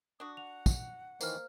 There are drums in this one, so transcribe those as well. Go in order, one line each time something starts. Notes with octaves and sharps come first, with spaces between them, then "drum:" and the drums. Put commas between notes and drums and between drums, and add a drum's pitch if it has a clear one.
D4 F#4 D#6
F#5 F7
drum: kick, tambourine
D#3 E3 A#3 C5 F6, drum: tambourine